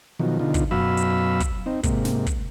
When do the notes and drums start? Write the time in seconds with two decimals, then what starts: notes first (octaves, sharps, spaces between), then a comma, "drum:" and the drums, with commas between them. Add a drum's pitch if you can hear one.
0.19 B2 D#3 F3 F#3
0.39 B2 D3 D#4 F4
0.54 drum: kick, hi-hat
0.71 F#2 B2 F#3 F5 B5 E6
0.97 drum: hi-hat
1.40 drum: kick, hi-hat
1.66 C4 D#4
1.83 G#2 C3 A#3, drum: kick, hi-hat
2.05 drum: snare
2.26 drum: kick, hi-hat